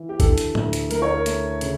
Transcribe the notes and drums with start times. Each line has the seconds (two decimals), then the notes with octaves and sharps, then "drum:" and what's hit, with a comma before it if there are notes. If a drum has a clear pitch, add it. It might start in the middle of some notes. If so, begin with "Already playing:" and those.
Already playing: E3
0.09 G4
0.20 D3 A4, drum: kick, hi-hat
0.38 drum: hi-hat
0.55 D2, drum: tom A2
0.73 drum: hi-hat
0.91 D2 A#4, drum: hi-hat
1.02 C#5
1.14 A#4
1.26 A3, drum: hi-hat
1.61 C#3, drum: hi-hat